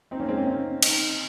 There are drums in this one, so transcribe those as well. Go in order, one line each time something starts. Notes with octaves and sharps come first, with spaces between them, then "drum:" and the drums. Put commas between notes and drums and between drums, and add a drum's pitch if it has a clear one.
C4 D#4
A#3 C#4
G#3 C4
A#3 C#4
C4 D#4
C4 D#4, drum: cymbal